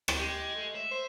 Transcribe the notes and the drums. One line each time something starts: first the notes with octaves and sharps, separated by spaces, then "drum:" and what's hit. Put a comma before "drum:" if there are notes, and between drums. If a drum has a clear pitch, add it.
drum: rim click
G#3 G4
A3
E5
C5